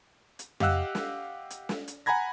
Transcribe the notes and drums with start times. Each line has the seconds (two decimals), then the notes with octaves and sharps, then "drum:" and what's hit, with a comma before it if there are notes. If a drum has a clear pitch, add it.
0.39 drum: hi-hat
0.60 G4 D#5 F5 F#5 E6 F#6, drum: tom F2
0.95 drum: snare
1.50 drum: hi-hat
1.69 drum: snare
1.88 drum: hi-hat
2.06 F#5 G#5 A#5 B5 G#6 A#6